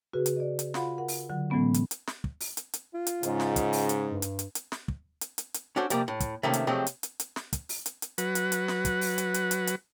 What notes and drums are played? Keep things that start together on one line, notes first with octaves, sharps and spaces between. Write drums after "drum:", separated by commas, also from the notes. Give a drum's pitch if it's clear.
C#3 F#4 G#4 B4
drum: hi-hat
D5 D#5
drum: hi-hat
F4 F5 F#5 B5 C6, drum: snare
A#4 F#5
drum: open hi-hat
D3 F#3 F#5
A2 E3 F#3 G#3 B3 C#4
drum: hi-hat
drum: hi-hat
drum: snare
drum: kick
drum: open hi-hat
drum: hi-hat
drum: hi-hat
F4
drum: hi-hat
G#2 C#3, drum: hi-hat
drum: snare
drum: kick, hi-hat
drum: open hi-hat
drum: hi-hat
G2
drum: hi-hat
drum: hi-hat
drum: hi-hat
drum: snare
drum: kick
drum: hi-hat
drum: hi-hat
drum: hi-hat
C#4 D4 F#4 A4 C5 C#5
C3 F3 G3 A#3, drum: hi-hat
A2
drum: kick, hi-hat
C3 D#3 A3 A#3 C#4
drum: hi-hat
C3 F3 F#3 G#3 A3 C4
drum: hi-hat
drum: hi-hat
drum: hi-hat
drum: snare
drum: kick, hi-hat
drum: open hi-hat
drum: hi-hat
drum: hi-hat
F#3 B4 F#5, drum: hi-hat
drum: hi-hat
drum: hi-hat
drum: snare
drum: kick, hi-hat
drum: open hi-hat
drum: hi-hat
drum: hi-hat
drum: hi-hat
drum: hi-hat